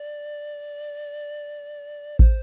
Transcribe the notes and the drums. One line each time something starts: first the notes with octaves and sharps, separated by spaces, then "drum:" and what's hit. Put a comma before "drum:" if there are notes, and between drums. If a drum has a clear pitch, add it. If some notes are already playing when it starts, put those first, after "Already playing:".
Already playing: D5
C5, drum: kick A1